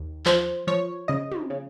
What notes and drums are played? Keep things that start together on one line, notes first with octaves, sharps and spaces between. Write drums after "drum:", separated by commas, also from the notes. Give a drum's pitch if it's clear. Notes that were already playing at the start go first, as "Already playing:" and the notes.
Already playing: D#2
F3 C5, drum: clap
F3 C#5
C#3 D#5
drum: tom
C#3